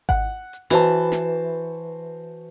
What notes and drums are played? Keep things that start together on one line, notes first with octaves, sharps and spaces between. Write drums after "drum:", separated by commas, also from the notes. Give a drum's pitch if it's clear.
F#5, drum: kick G#1
drum: hi-hat
E3 F#4 C5 A5, drum: snare
drum: snare